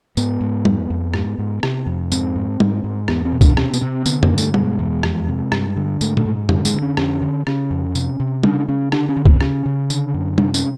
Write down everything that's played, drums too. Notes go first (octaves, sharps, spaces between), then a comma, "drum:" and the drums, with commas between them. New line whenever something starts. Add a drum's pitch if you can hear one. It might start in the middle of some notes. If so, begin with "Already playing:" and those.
G#2 B3, drum: tambourine
G#2
F2, drum: tom
F2
G#2, drum: rim click
G#2
C3, drum: rim click
F2
G#2 C4, drum: tambourine
G#2
G#2, drum: tom
G#2
E2 B3, drum: rim click
C4
B2
D4, drum: kick, tambourine
C3 C#4, drum: rim click
B3, drum: tambourine
C3 C4
D3 B3, drum: tambourine
A#3, drum: tom
G2
A3, drum: tambourine
B2 G#3, drum: tom
E2
F2, drum: rim click
C3
G2, drum: rim click
D3
G#2 A3, drum: tambourine
A3, drum: tom
G#2
D3 G3, drum: tom
G#3, drum: tambourine
D3
C#4
F2 C#4, drum: rim click
D3
C#3 C#4, drum: rim click
F2
C3, drum: tambourine
C3
C#3 D4, drum: tom
C#3 C#4
D3 D4, drum: rim click
C#4
D3
C4, drum: kick
C#3 C#4, drum: rim click
C#3
D3, drum: tambourine
F#2
C3 D4, drum: tom
C#4, drum: tambourine